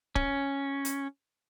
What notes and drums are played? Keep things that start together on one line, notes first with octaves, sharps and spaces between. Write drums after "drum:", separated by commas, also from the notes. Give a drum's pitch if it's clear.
C#4, drum: kick D1
drum: hi-hat